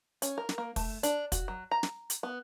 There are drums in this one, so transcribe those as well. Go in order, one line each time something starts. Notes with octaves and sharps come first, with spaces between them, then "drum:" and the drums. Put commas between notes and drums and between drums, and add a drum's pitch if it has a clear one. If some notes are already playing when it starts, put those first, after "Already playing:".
C#4, drum: hi-hat
A#4
drum: snare
A#3
A3, drum: kick, open hi-hat
D4, drum: hi-hat
F#4, drum: kick, hi-hat
F#3
A#5
drum: snare
drum: hi-hat
B3